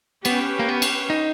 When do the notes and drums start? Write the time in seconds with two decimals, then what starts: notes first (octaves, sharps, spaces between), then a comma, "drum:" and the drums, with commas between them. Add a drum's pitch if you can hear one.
0.25 B3 C#4 G4 B4, drum: cymbal
0.59 A#3
0.68 B3
0.82 drum: cymbal
1.10 D#4